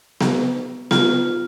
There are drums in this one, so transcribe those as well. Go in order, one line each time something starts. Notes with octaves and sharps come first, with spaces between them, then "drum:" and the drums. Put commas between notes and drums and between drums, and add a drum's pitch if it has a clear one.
drum: snare B3
F4, drum: snare B3